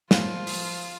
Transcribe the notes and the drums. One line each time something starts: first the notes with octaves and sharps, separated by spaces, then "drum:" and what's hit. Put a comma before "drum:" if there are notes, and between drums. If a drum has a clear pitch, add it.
A2 F3 B3 F4 F5 F#5, drum: snare
drum: open hi-hat